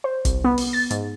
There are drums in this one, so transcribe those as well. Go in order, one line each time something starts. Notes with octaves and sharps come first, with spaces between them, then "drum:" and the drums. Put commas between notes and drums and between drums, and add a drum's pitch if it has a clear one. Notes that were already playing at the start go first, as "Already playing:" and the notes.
C5
C2, drum: kick G1, hi-hat
B3
drum: open hi-hat
A6
G#2, drum: hi-hat